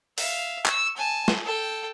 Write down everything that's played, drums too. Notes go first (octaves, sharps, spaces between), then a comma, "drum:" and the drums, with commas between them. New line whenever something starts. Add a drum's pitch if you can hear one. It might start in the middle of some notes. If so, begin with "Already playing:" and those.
E5 F5, drum: open hi-hat
C#6 E6, drum: clap
G#5 A5
drum: snare
A4 G5